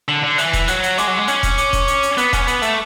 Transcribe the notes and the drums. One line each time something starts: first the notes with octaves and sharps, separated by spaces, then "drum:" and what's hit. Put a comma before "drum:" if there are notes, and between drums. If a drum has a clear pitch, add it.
D3 F#7
D3
E3 F#6, drum: hi-hat
drum: kick E1, hi-hat
F#3 F#6, drum: hi-hat
drum: hi-hat
G#3 D6, drum: hi-hat
F#3
G#3
C#4 F#7, drum: hi-hat
drum: kick E1, hi-hat
D6, drum: hi-hat
drum: kick E1, hi-hat
D6, drum: hi-hat
drum: hi-hat
B3 F#6, drum: hi-hat
C#4, drum: kick E1, hi-hat
B3 F#7, drum: hi-hat
A3, drum: hi-hat